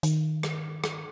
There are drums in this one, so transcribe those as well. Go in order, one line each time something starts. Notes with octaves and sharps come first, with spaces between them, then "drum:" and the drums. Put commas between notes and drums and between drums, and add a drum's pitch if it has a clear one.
D#3, drum: hi-hat
drum: rim click
drum: rim click